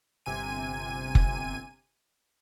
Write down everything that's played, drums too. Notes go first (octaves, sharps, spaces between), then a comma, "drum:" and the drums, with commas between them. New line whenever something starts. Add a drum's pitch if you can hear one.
G1 C3 G#5 D#7
drum: kick F#1